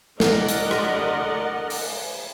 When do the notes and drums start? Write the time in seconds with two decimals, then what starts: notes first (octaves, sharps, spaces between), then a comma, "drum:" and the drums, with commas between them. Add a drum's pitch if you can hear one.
0.20 D3 A#4 D5 D#5 F#5, drum: snare
0.48 drum: hi-hat
0.71 drum: rim click
1.70 drum: open hi-hat